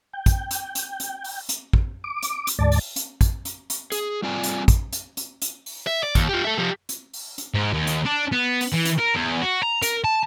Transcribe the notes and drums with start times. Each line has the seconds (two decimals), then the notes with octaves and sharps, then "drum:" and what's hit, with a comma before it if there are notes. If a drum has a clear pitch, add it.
0.13 G5
0.26 drum: kick, hi-hat
0.51 drum: hi-hat
0.75 drum: hi-hat
1.00 drum: hi-hat
1.24 drum: open hi-hat
1.49 drum: hi-hat
1.73 drum: kick
2.04 D6
2.23 drum: hi-hat
2.47 drum: hi-hat
2.59 D2 G#2 D5 A5
2.72 drum: open hi-hat
2.96 drum: hi-hat
3.21 drum: kick, hi-hat
3.45 drum: hi-hat
3.70 drum: hi-hat
3.92 G#4, drum: hi-hat
4.22 G3 C4 F4 D5 G#5
4.43 drum: hi-hat
4.68 drum: kick, hi-hat
4.93 drum: hi-hat
5.17 drum: hi-hat
5.42 drum: hi-hat
5.66 drum: open hi-hat
5.87 E5
6.03 D5
6.15 D#2, drum: kick, hi-hat
6.29 F4 G4
6.45 A4 E5
6.58 F3 G4
6.89 drum: hi-hat
7.13 drum: open hi-hat
7.38 drum: hi-hat
7.54 G#2
7.73 D#2
7.87 drum: hi-hat
8.05 D4
8.32 B3
8.61 drum: open hi-hat
8.72 E3
8.85 drum: hi-hat
8.98 A#4
9.15 E2
9.41 F#4
9.63 A#5
9.82 A#4, drum: hi-hat
10.04 A5